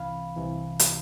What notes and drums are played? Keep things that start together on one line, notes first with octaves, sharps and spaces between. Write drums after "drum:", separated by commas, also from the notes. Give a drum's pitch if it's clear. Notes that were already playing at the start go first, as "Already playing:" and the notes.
Already playing: C2 C3 E3 F5 B5
C2 C3 E3
drum: hi-hat